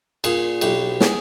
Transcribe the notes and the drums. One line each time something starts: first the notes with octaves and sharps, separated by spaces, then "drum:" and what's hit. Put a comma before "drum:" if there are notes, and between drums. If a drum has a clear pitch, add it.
A#2 G#4, drum: cymbal
B1 G4, drum: cymbal
G#4, drum: snare